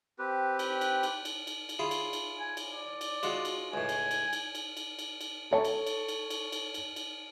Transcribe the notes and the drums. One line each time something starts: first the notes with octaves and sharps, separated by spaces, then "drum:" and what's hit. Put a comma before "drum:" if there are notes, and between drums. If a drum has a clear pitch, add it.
C4 G4 B4
drum: cymbal
drum: cymbal
drum: cymbal
drum: cymbal
drum: cymbal
drum: cymbal
E4 F4 G#4
drum: cymbal
drum: cymbal
G#5
drum: cymbal
D5
drum: cymbal
G#3 F4 F#4, drum: cymbal
drum: cymbal
C#2 A2 G#5
drum: cymbal
drum: cymbal
drum: cymbal
drum: cymbal
drum: cymbal
drum: cymbal
drum: cymbal
A4 C#5 A5
drum: cymbal
drum: cymbal
drum: cymbal
drum: cymbal
drum: cymbal
drum: cymbal
drum: cymbal